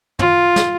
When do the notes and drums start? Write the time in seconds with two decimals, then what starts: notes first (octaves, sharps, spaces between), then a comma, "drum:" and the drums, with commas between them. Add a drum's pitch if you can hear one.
0.19 F4, drum: tom
0.56 drum: snare